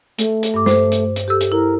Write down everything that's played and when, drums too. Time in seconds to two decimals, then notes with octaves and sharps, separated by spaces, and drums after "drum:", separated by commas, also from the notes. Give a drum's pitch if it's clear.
0.18 A3, drum: hi-hat
0.43 drum: hi-hat
0.54 G2 D6
0.66 C5, drum: snare
0.92 drum: hi-hat
1.16 drum: hi-hat
1.28 G4 A4 E6
1.40 drum: hi-hat
1.52 E4 A#4